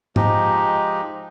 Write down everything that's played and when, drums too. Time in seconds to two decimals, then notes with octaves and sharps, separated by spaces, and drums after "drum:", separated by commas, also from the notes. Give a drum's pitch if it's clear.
0.16 F3 G#3 D#4 G4, drum: tom G#2